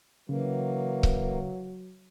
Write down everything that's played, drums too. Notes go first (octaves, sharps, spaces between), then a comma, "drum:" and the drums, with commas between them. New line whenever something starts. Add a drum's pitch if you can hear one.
C#3 E3 F#3 A#3
drum: kick C#1